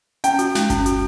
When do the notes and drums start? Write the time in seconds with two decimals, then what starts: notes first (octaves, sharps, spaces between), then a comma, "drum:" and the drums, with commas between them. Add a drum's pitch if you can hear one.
0.24 C#4 G5, drum: hi-hat
0.39 F#4, drum: hi-hat
0.55 G#3, drum: snare
0.70 C#4, drum: kick G1, hi-hat
0.86 F#4, drum: hi-hat